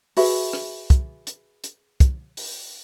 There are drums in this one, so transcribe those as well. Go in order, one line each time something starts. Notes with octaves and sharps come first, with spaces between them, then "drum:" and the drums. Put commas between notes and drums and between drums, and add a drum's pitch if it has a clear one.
F#4 G#4 B4 E5, drum: open hi-hat
drum: rim click
drum: kick, hi-hat
drum: hi-hat
drum: hi-hat
drum: kick, hi-hat
drum: open hi-hat